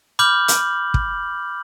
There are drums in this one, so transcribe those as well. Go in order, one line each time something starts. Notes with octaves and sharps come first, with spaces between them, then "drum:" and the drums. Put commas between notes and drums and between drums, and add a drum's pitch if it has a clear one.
B5 D6 F6 G6 F#7
drum: hi-hat
drum: kick